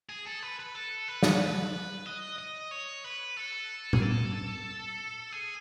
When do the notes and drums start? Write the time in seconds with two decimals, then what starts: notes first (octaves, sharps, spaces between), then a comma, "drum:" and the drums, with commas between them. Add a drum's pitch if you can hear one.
0.09 G#4
0.27 A4
0.43 B4
0.59 B4
0.75 A4
1.08 B4
1.23 drum: snare
2.06 D#5
2.39 D#5
2.71 C#5
3.04 B4
3.37 A4
3.93 G#4, drum: tom A#2
4.02 A4
5.32 G#4